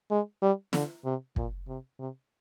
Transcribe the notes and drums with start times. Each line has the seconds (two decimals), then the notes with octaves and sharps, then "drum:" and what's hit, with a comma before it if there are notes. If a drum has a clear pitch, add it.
0.11 G#3
0.42 G3
0.73 D3, drum: snare
1.05 C3
1.36 A#2, drum: kick
1.68 C3
1.99 C3